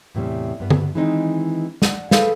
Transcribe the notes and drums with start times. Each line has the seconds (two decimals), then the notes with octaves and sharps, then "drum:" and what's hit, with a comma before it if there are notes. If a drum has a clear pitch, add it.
0.15 E2 A2 C3 G3
0.60 G2 B3
0.70 drum: tom D3
0.95 D#3 E3 G#3 C4 C#4 D#4
1.82 D4 F#5, drum: snare
2.11 G#4 A4 B4 C5 F5, drum: snare